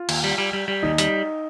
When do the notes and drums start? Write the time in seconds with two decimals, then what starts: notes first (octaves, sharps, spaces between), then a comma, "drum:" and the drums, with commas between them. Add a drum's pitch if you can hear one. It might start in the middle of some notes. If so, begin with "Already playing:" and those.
Already playing: F4
0.09 D#2, drum: cymbal
0.24 G3
0.38 G3
0.53 G3
0.68 G3
0.83 D#2 D#4
0.98 G3, drum: hi-hat